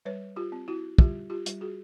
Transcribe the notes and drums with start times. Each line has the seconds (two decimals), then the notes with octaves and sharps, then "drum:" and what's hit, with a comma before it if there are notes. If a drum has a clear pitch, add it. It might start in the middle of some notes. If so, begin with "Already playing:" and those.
0.05 G3 B4 C#5
0.36 F4 G4
0.52 C4
0.68 E4 F#4
0.98 G3 F4 G4, drum: kick
1.30 F4 G4
1.46 G3, drum: hi-hat
1.61 F#4 G#4